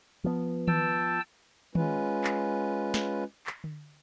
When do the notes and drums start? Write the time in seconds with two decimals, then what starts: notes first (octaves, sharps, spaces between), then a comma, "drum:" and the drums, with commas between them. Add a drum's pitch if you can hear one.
0.24 F3 B3
0.68 G5 A5 E6, drum: tom D#3
1.75 G#3 C#4 F4 B4, drum: tom D#3
2.24 drum: clap
2.94 drum: snare
3.47 drum: clap
3.64 drum: tom D3